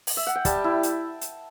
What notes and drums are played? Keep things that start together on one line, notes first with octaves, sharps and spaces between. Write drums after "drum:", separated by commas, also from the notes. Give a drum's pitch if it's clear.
drum: open hi-hat
E5
F#5
G5
G3 A5, drum: kick, hi-hat
E4
drum: hi-hat
drum: hi-hat